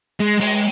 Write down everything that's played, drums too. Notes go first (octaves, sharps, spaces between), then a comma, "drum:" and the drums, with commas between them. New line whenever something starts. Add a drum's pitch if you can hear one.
G#3
G#3, drum: open hi-hat